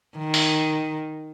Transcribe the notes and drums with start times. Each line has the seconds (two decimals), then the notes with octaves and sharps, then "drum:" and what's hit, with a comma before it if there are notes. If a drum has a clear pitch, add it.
0.18 D#3
0.34 drum: open hi-hat